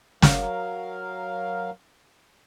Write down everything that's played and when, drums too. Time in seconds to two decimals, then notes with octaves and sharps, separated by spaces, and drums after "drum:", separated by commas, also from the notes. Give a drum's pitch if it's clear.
0.22 F#3 A#4 F5, drum: snare